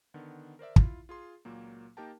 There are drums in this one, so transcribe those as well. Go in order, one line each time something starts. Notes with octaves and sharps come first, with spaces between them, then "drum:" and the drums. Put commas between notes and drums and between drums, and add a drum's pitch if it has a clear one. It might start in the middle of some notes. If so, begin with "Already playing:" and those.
D3 D#3 B3
A#4 C5 D5 E5
E4 F4, drum: kick
F4 G#4 C6
C#2 A#2 F#3 A#3
A#3 D#4 G4 A#4 G5 A5